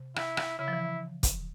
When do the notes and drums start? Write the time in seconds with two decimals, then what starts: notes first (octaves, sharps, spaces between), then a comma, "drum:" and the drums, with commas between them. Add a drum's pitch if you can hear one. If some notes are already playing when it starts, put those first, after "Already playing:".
Already playing: C3
0.16 E4, drum: rim click
0.37 drum: rim click
0.58 C#3 E4
0.68 F3
0.73 E3
1.23 drum: kick, hi-hat